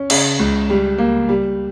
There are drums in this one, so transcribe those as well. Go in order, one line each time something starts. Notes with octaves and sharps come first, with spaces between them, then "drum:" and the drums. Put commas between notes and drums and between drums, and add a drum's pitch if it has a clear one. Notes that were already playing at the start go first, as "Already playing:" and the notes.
Already playing: C#4
C#3, drum: cymbal
C#2
G3
A#3
G3